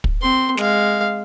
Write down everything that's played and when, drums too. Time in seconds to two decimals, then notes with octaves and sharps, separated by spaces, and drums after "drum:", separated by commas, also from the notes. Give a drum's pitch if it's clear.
0.04 drum: kick
0.21 C4 C6
0.58 G#3 F5, drum: snare